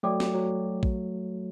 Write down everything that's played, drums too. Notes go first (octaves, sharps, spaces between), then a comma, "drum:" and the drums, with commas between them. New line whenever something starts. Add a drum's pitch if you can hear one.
F#3 A3 F#4 A4 D5 G5 D6
drum: snare
F#3
drum: kick A#1